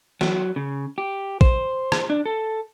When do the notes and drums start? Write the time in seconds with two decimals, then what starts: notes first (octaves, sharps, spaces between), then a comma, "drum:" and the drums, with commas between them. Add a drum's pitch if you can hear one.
0.21 F#3, drum: snare
0.56 C#3
0.98 G4
1.41 C5, drum: kick
1.92 drum: rim click
2.10 D4
2.26 A4